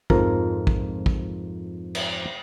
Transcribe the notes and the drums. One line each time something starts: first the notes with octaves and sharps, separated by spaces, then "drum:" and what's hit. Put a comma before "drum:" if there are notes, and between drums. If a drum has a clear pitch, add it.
F2 G#2 F3 A#4, drum: kick
drum: kick
drum: kick
drum: cymbal